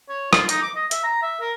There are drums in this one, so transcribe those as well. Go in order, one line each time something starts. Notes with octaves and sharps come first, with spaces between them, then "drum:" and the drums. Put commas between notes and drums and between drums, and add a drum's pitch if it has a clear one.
C#5
F4, drum: rim click
D#4, drum: hi-hat
D6
D#5
E5, drum: hi-hat
A#5
E5
A#4